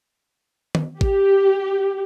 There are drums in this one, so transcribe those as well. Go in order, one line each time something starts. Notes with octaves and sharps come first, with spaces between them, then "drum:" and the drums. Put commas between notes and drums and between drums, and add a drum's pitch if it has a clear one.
drum: tom D#3
G4, drum: kick A1